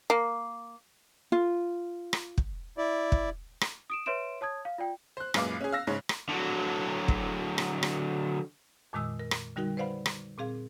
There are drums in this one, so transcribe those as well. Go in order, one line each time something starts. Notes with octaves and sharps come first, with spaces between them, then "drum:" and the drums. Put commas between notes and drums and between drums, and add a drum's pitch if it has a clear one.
A#3
F4
drum: rim click
drum: kick
E4 D5
drum: kick
drum: rim click
D#6 D7 E7
B4 C#5 E5 C6 D7 E7
C#5 A5 D#6 G#6
F5
F4 D5 G5
C5 F#6
F#2 A#2 G#3 B4 F5 D6, drum: rim click
C#4 G#4
F5 E6 A#6
G#2 C#3 G#3 C#5
drum: rim click
D3 F#3
drum: kick
drum: rim click
drum: rim click
F2 A#2 D#3 G#3 D#6 E6
A#4
drum: rim click
D3 G3 D#4 F#4 A#4 G5
B4 C5 D5 F5 F#5 B5
drum: rim click
A#2 C4 G#4 F5